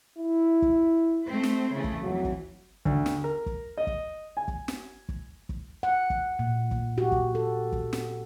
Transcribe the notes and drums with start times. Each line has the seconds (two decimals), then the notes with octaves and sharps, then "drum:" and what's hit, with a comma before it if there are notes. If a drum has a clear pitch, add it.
0.18 E4
0.62 drum: kick
1.26 A3 C4 C5
1.43 drum: snare
1.72 C#3 E3 A3
1.84 drum: kick
2.02 F2 E3 F#3
2.25 drum: kick
2.85 D2, drum: kick
3.06 drum: snare
3.24 A#4
3.46 drum: kick
3.78 D#5
3.87 drum: kick
4.37 G#5
4.48 drum: kick
4.68 drum: snare
5.09 drum: kick
5.49 drum: kick
5.83 F#5
6.10 drum: kick
6.39 A#2
6.71 drum: kick
6.98 F#4 G4
7.11 drum: kick
7.35 A4
7.72 drum: kick
7.93 drum: snare